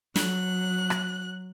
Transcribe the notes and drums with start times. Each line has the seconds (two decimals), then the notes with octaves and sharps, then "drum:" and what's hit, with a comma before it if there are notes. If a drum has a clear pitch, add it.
0.16 F#3 F#6, drum: snare
0.90 drum: rim click